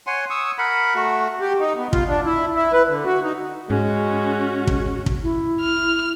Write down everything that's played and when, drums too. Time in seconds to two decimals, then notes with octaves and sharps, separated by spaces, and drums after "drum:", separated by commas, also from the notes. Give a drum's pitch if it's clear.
0.07 C#5 F#5 G#5 C6
0.30 C#6 D#6 E6
0.58 A#4 F#5 B5
0.95 A3 F#4
1.40 G4
1.60 D#4
1.77 B3
1.93 F4, drum: kick
2.09 D4
2.25 E4
2.55 E4
2.73 B4
2.88 D3
3.05 F#4
3.23 D#4
3.70 G#2 G#3 C#4 F#4
4.67 drum: kick
5.06 drum: kick
5.23 E4
5.61 F6